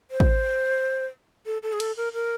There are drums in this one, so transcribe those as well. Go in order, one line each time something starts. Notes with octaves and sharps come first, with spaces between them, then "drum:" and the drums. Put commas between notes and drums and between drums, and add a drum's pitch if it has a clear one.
C5
drum: kick
A4
A4
G#4
A4, drum: cymbal
A#4
A#4